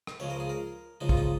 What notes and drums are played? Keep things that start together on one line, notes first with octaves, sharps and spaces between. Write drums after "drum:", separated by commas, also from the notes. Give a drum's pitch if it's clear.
drum: rim click
C#2 C#3 F3 G#3 C#5
A#4
G#4
A#4
C#2 C#3 F3 G#3 D#4
F4, drum: kick
D#4